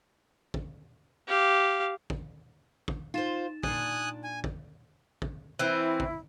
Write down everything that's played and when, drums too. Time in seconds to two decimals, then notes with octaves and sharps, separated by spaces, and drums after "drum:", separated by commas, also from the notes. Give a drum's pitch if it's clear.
0.54 drum: kick
1.27 G4 F5
2.10 drum: kick
2.88 drum: kick
3.14 D#4 F4 C5 A6 E7
3.63 A#2 D4 G#5 D#6 F#6, drum: kick
4.24 G#5
4.44 drum: kick
5.22 drum: kick
5.59 E3 C4 E4
6.00 drum: kick